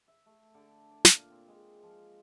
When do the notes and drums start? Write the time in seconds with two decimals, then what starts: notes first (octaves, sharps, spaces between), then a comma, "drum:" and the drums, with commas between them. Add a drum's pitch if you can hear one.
0.08 E5
0.26 A3
0.55 D3
0.91 D5
1.05 A#2, drum: snare
1.30 C4
1.48 G#3
1.83 F3